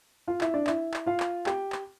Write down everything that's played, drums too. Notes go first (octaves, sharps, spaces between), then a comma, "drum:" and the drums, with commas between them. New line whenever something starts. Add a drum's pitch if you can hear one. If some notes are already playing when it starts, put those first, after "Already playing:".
F4 F5
E4 E5, drum: clap
D4 D5
E4 E5, drum: clap
drum: clap
F4 F5
drum: clap
G4 G5, drum: clap
drum: clap